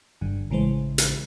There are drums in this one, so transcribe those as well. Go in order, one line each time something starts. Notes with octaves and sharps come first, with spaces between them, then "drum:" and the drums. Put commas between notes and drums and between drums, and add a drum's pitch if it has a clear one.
G1 G2 D3
A1 C#3 E3 G#3 C5
drum: hi-hat